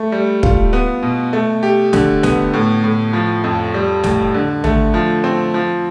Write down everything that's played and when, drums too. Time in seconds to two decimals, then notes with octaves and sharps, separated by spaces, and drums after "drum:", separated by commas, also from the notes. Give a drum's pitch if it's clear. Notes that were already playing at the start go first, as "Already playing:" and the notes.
Already playing: A3
0.12 G3
0.43 F4, drum: kick
0.73 B3
1.03 B2
1.33 A3
1.63 G4
1.93 D3, drum: snare
2.23 B3, drum: snare
2.54 A2
2.84 A2
3.13 F3
3.44 F2
3.74 G3
4.04 A2, drum: snare
4.34 D3
4.64 A3, drum: tom
4.94 F3
5.24 C4
5.54 F3